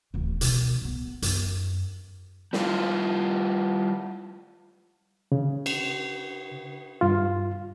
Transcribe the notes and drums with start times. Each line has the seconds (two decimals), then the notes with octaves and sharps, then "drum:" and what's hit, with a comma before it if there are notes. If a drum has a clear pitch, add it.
0.14 D1 E3
0.41 B2, drum: hi-hat
0.82 A2 B3
1.22 F#2, drum: hi-hat
2.53 G3 E4 F4, drum: snare
5.32 C#3
5.66 drum: cymbal
7.01 G2 F4